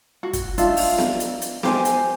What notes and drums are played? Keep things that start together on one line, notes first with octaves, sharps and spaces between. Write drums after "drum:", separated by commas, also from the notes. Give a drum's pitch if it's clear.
F#4
drum: kick, hi-hat
D4 D#4 F4 E5, drum: hi-hat
drum: open hi-hat
drum: snare B3
drum: hi-hat
drum: hi-hat
G4 C5 G#5, drum: snare B3
drum: hi-hat